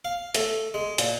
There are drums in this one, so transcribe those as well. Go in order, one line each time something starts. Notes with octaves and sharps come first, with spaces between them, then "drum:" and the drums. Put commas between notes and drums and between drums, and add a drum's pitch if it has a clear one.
F5
A3, drum: hi-hat
G#3
A#2, drum: hi-hat